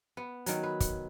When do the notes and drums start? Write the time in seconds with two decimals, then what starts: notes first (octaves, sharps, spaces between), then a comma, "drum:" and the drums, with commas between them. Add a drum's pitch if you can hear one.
0.17 B3
0.46 D#3 F#3, drum: hi-hat
0.63 B4
0.80 drum: kick, hi-hat